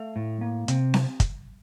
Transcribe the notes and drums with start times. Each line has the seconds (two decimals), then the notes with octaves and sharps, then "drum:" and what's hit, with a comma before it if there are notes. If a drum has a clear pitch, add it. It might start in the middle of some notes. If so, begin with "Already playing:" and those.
Already playing: A3 F5
0.16 A2
0.41 A#3
0.68 C3, drum: hi-hat
0.94 drum: snare C4
1.20 drum: kick, hi-hat